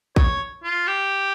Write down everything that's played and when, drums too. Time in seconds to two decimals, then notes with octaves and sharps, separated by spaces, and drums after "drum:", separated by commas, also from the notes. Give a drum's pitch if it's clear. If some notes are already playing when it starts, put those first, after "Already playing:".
0.16 C#5, drum: kick A#1
0.64 F4
0.87 G4